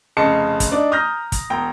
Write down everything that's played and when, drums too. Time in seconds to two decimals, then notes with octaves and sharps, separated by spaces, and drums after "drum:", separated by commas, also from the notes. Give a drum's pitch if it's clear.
0.17 F1 C#3 D#5 A5 C#7
0.60 drum: kick, hi-hat
0.72 D4 D#4 D5
0.91 A#5 D#6 F6 G6 A#6
1.32 drum: kick, hi-hat
1.50 E1 G5 A#5